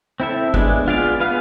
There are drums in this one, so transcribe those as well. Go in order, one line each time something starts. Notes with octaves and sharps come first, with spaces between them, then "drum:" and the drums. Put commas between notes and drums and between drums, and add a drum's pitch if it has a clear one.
C4 E4 A4 E5
G#3 B3 D4 G#4, drum: kick G#1
B3 F4 G#4 D5 F5
B3 F4 G#4 B4 F5